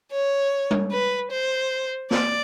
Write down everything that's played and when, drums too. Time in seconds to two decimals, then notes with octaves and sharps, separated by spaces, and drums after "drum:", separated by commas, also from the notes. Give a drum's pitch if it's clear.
0.11 C#5
0.71 drum: tom G3
0.91 B4
1.31 C5
2.11 D5, drum: snare